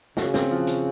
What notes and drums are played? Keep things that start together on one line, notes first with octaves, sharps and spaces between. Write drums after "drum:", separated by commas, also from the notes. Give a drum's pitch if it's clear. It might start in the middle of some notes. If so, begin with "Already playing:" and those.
C#3 F#4, drum: snare
C4, drum: snare
F3
F3, drum: hi-hat